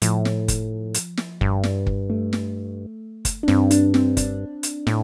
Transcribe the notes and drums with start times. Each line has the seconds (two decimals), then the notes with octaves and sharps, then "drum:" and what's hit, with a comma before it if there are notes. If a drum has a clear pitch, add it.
0.02 A2 F3, drum: hi-hat
0.25 drum: snare
0.48 drum: kick, hi-hat
0.94 drum: hi-hat
1.17 drum: snare
1.41 G2, drum: kick
1.64 drum: snare
1.87 drum: kick
2.10 A3
2.33 drum: snare
3.25 drum: kick, hi-hat
3.43 D4
3.48 G2 C4, drum: snare
3.71 D4, drum: hi-hat
3.94 C4, drum: snare
4.17 D4, drum: kick, hi-hat
4.63 drum: hi-hat
4.87 A2, drum: snare